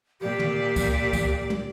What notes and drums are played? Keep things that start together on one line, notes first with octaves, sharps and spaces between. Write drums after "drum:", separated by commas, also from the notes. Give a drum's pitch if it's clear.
A#2 G4 D5
drum: tom
drum: kick C#2, tambourine
drum: kick C#2, tambourine
drum: tom